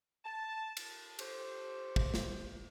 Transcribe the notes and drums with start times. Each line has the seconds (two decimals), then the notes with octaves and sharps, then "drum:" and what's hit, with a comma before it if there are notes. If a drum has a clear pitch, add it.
0.25 A5
0.77 drum: cymbal
1.19 G4 A4 C5, drum: cymbal
1.96 drum: kick
2.14 drum: snare